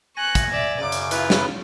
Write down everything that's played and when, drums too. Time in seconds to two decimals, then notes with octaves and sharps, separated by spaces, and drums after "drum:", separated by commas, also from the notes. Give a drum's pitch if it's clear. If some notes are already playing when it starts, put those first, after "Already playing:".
0.17 G#5 C#6 F#6 A#6
0.35 drum: kick, hi-hat
0.51 D5 E5
0.80 F#2 C#3 D6
0.92 drum: hi-hat
1.11 E4 F4 B4, drum: hi-hat
1.30 drum: snare